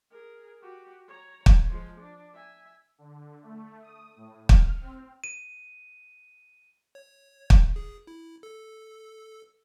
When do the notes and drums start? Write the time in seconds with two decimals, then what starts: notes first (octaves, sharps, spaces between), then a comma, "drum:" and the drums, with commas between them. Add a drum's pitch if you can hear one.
0.12 G#4 A#4
0.61 F#4 G4
1.08 C#5 A#5
1.46 drum: kick
1.68 F3 G#3
2.00 D4
2.34 E5 G#5
2.98 D3
3.42 A3
3.82 D#6
4.16 A2
4.49 F6, drum: kick
4.81 C4
5.24 D#7
6.95 C#5
7.50 drum: kick
7.76 G#4
8.07 E4
8.43 A4